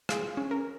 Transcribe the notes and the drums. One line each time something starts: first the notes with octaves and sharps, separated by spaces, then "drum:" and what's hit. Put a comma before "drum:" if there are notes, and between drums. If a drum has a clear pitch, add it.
F4 G#4, drum: rim click
C#4
A#4